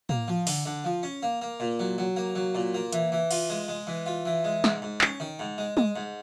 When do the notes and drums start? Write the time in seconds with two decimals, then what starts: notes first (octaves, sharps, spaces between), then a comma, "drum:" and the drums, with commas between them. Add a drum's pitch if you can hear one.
0.09 A#3, drum: tom A2
0.28 F3
0.47 D3, drum: open hi-hat
0.65 D3
0.84 F3
1.03 C#4
1.23 A#3
1.42 A#3
1.60 A#2
1.80 F#3
1.98 F#3
2.17 A#3
2.35 F#3
2.55 A#2
2.75 A#3
2.93 E3, drum: hi-hat
3.12 E3
3.31 F4, drum: cymbal
3.50 G#3
3.68 G#3
3.87 E3
4.06 F4
4.25 E3
4.45 G#3
4.64 G#2, drum: snare
4.82 G#2
5.01 C#4, drum: clap
5.20 D#3
5.39 G#2
5.58 G#3
5.77 G#3, drum: tom
5.96 G#2